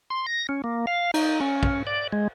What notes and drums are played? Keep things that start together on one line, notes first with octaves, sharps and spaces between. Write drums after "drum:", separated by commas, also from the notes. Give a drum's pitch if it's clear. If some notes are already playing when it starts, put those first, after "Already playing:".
C6
A#6
C#4
A#3
F5
D#4, drum: cymbal
C#4
drum: kick
D5
G#3